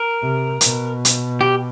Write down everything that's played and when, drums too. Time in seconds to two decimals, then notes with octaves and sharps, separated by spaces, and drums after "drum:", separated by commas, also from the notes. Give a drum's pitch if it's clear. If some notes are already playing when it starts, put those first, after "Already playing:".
Already playing: A#4
0.21 C3
0.61 B2, drum: hi-hat
1.05 drum: hi-hat
1.41 G4